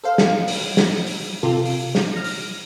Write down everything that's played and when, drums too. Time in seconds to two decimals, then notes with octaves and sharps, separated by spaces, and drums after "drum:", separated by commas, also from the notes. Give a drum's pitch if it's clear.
0.04 A4 C5 F5
0.18 drum: snare
0.48 drum: open hi-hat
0.77 drum: snare
1.07 drum: open hi-hat
1.43 C3 F4 A4
1.65 drum: open hi-hat
1.95 drum: snare
2.14 F6 A#6
2.24 drum: open hi-hat